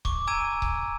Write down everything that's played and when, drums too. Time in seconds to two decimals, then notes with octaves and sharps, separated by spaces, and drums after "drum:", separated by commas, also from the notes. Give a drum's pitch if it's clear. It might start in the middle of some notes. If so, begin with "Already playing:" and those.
0.05 C#6 D6, drum: kick C#1
0.27 G#5 A#5 E6 G#6 D7 D#7
0.62 drum: kick C#1